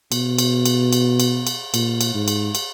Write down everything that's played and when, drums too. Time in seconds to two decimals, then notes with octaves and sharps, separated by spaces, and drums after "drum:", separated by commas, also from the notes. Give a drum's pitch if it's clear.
0.12 B2, drum: cymbal
0.38 drum: cymbal
0.66 drum: cymbal
0.93 drum: cymbal
1.20 drum: cymbal
1.47 drum: cymbal
1.74 A#2, drum: cymbal
2.01 drum: cymbal
2.14 G#2
2.28 drum: cymbal
2.55 drum: cymbal